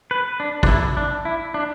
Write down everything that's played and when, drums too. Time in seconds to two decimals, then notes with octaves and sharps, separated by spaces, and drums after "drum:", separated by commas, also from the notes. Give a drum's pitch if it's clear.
0.11 B4
0.40 D4
0.63 D4, drum: kick
0.68 E4
0.97 D4
1.25 E4
1.54 D4